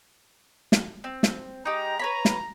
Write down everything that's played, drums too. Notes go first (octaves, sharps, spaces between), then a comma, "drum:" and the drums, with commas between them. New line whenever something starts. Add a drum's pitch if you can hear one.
drum: snare
C4
drum: snare
G#3 D#4 G4 G5 A#5
B4 C#5 A#5 B5
drum: snare